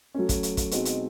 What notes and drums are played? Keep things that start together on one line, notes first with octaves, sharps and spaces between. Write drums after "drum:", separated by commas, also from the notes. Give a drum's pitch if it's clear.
F#3 A3 C#4
drum: kick, hi-hat
drum: hi-hat
drum: kick, hi-hat
B2 G#3 C4 D#4 F#4, drum: hi-hat
drum: hi-hat